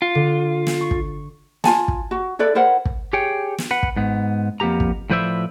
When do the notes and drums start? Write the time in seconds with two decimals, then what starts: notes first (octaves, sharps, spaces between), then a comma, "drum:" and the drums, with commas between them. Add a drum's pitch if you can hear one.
0.02 F4
0.15 D3
0.67 drum: snare
0.81 C#6
0.91 drum: kick
1.64 F4 G#5 A5, drum: snare
1.88 drum: kick
2.11 F#4
2.39 E4 A4 B4 D5
2.55 E4 A#4 C5 F#5
2.85 drum: kick
3.13 G4 G#4 C#5 G5
3.58 drum: snare
3.71 B4 F#5
3.83 drum: kick
3.96 G#2 B3
4.60 F2 A#3 B3 G4 A#5
4.80 drum: kick
5.10 A2 F3 B4 C5 D5 E5